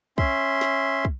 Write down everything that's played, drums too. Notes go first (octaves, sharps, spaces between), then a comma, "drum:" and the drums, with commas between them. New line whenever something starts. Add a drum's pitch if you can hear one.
C#4 E5 C6, drum: kick
drum: snare
drum: kick